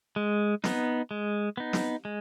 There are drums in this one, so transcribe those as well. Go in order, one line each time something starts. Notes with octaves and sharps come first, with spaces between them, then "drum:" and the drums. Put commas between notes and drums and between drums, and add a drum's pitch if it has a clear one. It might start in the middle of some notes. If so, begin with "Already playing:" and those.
G#3
B3 D#4, drum: snare
G#3
B3 D#4
drum: snare
G#3